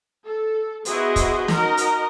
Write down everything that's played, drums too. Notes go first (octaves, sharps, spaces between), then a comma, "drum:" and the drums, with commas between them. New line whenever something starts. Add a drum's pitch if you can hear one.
A4
B3 E4 F#4 G#4 C5 D#5, drum: hi-hat
drum: kick, hi-hat
D#4 F#4 A#4 D#5, drum: snare
drum: hi-hat